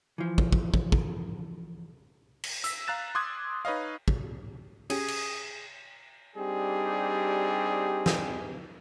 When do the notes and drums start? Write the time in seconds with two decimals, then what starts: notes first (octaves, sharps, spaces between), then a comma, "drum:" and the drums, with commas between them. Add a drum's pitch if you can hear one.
0.18 E3 F3
0.38 drum: kick
0.52 drum: kick
0.74 drum: kick
0.92 drum: kick
2.44 drum: cymbal
2.64 E6 B6, drum: hi-hat
2.87 F5 A#5 F#6 A6 E7
3.15 C6 D6 D#6 F#6 G#6
3.65 D#4 B4 C#5 D#5 F5
4.08 drum: kick
4.90 C#4 G4 G#4 D#6, drum: cymbal
5.08 drum: cymbal
6.37 G3 C4 D4 D#4 G4 G#4
8.06 drum: snare